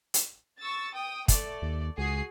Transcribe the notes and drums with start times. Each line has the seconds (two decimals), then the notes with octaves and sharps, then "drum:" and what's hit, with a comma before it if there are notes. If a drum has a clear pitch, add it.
0.14 drum: hi-hat
0.59 C#6 E6 A6
0.93 G5 D#6
1.28 A3 D5, drum: kick, hi-hat
1.62 D#2
1.98 C#2 F#4 G#4 C7